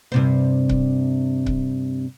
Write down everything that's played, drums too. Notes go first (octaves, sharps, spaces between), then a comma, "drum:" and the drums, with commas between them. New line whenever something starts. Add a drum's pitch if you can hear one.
G2 C3 C5
drum: kick C#1
drum: kick C#1